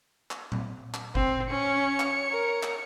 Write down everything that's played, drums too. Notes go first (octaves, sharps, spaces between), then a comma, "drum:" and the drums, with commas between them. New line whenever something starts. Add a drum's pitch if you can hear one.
drum: clap
drum: tom A#2
drum: clap
C4, drum: kick G1
C#4 C#5 C#7
drum: clap
A#4
drum: clap